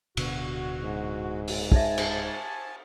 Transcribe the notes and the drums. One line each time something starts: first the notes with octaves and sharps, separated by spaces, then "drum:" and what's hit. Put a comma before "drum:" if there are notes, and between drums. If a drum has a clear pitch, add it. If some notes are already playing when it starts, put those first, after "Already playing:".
D1 B2 D3 F#4, drum: cymbal
G#2
drum: open hi-hat
C#5 E5 G#5 A5, drum: kick
drum: cymbal